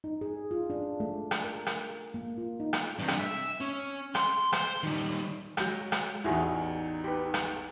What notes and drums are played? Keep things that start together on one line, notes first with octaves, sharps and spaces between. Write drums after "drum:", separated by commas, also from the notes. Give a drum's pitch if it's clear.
D#4
G#4
F4
D4
A3
drum: rim click
A#4
drum: rim click
A#3
F4
D#4
drum: rim click
G2 C3
drum: rim click
E5
C#4
C6, drum: rim click
C5, drum: rim click
D#3 G3
F#3 G#3 G6, drum: rim click
drum: rim click
A1 E2 D#4 E4 F#4 G#4
G4 B4
drum: rim click